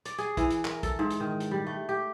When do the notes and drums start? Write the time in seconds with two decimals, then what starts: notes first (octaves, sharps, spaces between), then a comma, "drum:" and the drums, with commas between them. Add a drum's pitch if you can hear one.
0.05 D5, drum: hi-hat
0.18 G#4, drum: hi-hat
0.37 E3, drum: kick, hi-hat
0.50 drum: hi-hat
0.65 A#4, drum: clap
0.83 A4, drum: kick, hi-hat
0.99 G#2
1.10 drum: hi-hat
1.20 D#3
1.40 drum: hi-hat
1.51 G3
1.67 A3
1.89 G4